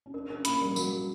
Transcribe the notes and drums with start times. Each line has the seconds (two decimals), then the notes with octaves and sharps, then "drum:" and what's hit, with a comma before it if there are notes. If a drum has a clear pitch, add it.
0.06 C#4
0.14 D4 A#4
0.30 C#4 A#4
0.45 A#3 B5, drum: hi-hat
0.61 G3 A#4
0.76 F#3 A#4, drum: tambourine
0.93 A#4